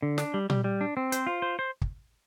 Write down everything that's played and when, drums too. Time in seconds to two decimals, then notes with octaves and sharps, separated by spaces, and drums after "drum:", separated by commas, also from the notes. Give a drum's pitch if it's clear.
0.03 D3
0.18 D4, drum: snare
0.34 G3
0.50 G3, drum: tom A#2
0.64 G3
0.81 D4
0.97 C4
1.12 C5, drum: hi-hat
1.27 F4
1.42 C5
1.59 C5
1.81 drum: kick